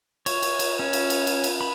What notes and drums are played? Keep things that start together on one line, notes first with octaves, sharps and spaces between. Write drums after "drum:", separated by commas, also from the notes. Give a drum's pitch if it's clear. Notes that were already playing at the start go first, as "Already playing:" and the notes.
C#5, drum: cymbal
drum: cymbal
drum: cymbal
C#4
drum: cymbal
drum: cymbal
drum: cymbal
drum: cymbal
B5